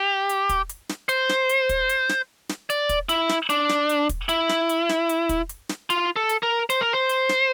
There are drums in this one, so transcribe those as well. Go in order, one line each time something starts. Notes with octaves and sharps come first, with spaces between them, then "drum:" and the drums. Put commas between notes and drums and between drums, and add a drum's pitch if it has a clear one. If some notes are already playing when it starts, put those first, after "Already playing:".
Already playing: G4
drum: hi-hat
drum: kick, hi-hat
drum: hi-hat
drum: snare
C5, drum: hi-hat
drum: snare
drum: hi-hat
drum: kick, hi-hat
drum: hi-hat
drum: snare
drum: snare
D5, drum: hi-hat
drum: kick, hi-hat
E4, drum: hi-hat
drum: snare
D4, drum: hi-hat
drum: snare
drum: hi-hat
drum: kick, hi-hat
E4, drum: hi-hat
drum: snare
drum: hi-hat
drum: snare
drum: hi-hat
drum: kick, hi-hat
drum: hi-hat
drum: snare
F4, drum: hi-hat
A4
drum: hi-hat
A#4
C5, drum: hi-hat
A#4
C5
drum: hi-hat
drum: snare